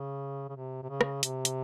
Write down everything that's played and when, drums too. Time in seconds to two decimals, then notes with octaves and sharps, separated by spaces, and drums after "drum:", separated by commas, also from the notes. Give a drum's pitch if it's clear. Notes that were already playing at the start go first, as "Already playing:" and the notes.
Already playing: C#3
0.49 C#3
0.56 C3
0.83 C3
0.90 C#3
1.01 drum: rim click
1.23 C3, drum: hi-hat
1.45 drum: hi-hat